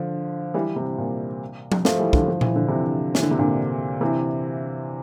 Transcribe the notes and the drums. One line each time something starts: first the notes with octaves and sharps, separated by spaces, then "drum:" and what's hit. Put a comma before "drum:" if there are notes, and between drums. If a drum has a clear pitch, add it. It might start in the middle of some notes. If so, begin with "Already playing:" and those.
Already playing: D3 F3
E3 G3
C3 E3
A#2
drum: tom F3
F3 A3, drum: snare
E3 G3
D3 F3, drum: kick
F3
E3, drum: tom A#2
D3
C3 E3
E3, drum: snare
D3
C3
A#2 D3
C3 E3